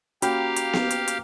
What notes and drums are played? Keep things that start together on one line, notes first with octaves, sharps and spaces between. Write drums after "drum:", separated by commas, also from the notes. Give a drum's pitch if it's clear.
A#3 C#4 F#4 G4 F5 G5 B5, drum: hi-hat
drum: hi-hat
drum: snare B3
drum: hi-hat
drum: hi-hat